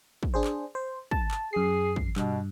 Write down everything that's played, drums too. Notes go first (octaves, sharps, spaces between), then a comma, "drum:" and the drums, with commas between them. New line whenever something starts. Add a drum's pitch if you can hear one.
drum: kick
D4 G#4 C5
drum: clap
C5
A5, drum: kick
drum: clap
F#2 G#4 C7
drum: kick
G2 B2, drum: clap